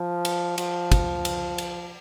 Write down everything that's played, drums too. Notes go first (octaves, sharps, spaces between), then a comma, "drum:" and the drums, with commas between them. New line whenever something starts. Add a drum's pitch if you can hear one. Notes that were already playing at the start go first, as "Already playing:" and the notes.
Already playing: F3
drum: cymbal
F3, drum: cymbal
drum: kick, cymbal
drum: cymbal
drum: cymbal